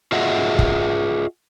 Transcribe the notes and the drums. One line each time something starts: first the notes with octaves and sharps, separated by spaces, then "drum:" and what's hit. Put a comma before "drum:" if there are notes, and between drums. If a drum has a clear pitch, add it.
F4 F#4 G#4 D#5 E5 F#5
drum: kick